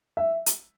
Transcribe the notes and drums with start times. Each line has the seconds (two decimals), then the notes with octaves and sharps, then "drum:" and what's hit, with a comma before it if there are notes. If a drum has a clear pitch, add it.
0.17 E5
0.46 drum: hi-hat